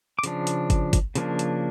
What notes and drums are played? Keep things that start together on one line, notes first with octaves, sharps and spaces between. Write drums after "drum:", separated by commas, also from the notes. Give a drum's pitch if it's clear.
D6
C#3 F3 D4, drum: hi-hat
drum: hi-hat
drum: kick, hi-hat
drum: kick, hi-hat
C#3 F3 A#3 D4, drum: hi-hat
drum: hi-hat